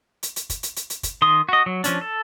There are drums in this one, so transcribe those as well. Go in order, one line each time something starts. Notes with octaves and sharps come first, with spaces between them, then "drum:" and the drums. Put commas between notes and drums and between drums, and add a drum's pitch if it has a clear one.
drum: hi-hat
drum: hi-hat
drum: kick, hi-hat
drum: hi-hat
drum: hi-hat
drum: hi-hat
drum: kick, hi-hat
D#3 C6 D#6
F#4 D#5
F#3
F3 C#4 D4, drum: hi-hat
A4